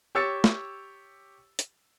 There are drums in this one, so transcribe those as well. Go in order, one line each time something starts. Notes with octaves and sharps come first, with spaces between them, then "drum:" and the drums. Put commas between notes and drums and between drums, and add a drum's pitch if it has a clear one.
G4 C#5 E6 A6 C#7
drum: snare
drum: hi-hat